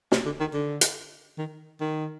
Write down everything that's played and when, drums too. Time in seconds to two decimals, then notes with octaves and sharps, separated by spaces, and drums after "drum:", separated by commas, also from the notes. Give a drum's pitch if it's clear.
0.12 C3, drum: snare
0.26 D3
0.40 D#3
0.53 D3
0.81 drum: hi-hat
1.38 D#3
1.80 D#3